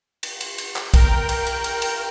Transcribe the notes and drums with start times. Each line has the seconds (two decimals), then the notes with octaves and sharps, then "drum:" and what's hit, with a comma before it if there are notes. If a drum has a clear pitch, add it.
0.23 drum: cymbal
0.41 drum: cymbal
0.58 drum: cymbal
0.76 drum: clap
0.94 A#4 G5, drum: kick B1, cymbal
1.29 drum: cymbal
1.47 drum: cymbal
1.64 drum: cymbal
1.82 drum: cymbal